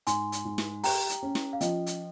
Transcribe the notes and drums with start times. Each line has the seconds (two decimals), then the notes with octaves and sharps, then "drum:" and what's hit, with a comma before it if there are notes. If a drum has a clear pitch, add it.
0.07 G#2 G#5 C6, drum: hi-hat
0.32 drum: hi-hat
0.45 G#2
0.58 drum: snare
0.84 G4 G5 A#5, drum: open hi-hat
1.09 drum: hi-hat
1.23 C#4
1.35 drum: snare
1.53 F5
1.61 F3 D#5 G5, drum: hi-hat
1.87 drum: hi-hat